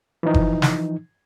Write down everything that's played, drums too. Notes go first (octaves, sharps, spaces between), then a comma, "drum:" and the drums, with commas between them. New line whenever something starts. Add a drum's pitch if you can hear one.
E3 F3 D#4
drum: kick F#1
drum: snare